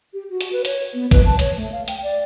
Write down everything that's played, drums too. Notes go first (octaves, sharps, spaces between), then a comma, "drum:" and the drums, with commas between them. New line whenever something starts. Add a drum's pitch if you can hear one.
G4
F#4
drum: hi-hat
B4
C#5, drum: hi-hat
B3
B4, drum: kick, hi-hat
A5
C#5, drum: hi-hat
A3
F5
G5, drum: hi-hat
D5